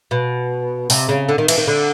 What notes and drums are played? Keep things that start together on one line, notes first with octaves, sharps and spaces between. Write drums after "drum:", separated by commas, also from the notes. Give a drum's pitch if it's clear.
B2
C3, drum: open hi-hat
C#3
D3
D#3
E3, drum: cymbal
D#3
D3